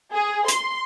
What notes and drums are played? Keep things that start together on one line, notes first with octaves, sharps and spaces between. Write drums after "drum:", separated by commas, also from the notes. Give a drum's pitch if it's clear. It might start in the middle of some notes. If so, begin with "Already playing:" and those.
G#4
C6, drum: hi-hat